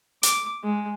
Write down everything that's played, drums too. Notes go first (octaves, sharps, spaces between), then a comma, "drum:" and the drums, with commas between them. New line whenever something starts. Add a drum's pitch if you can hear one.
D6, drum: hi-hat
G#3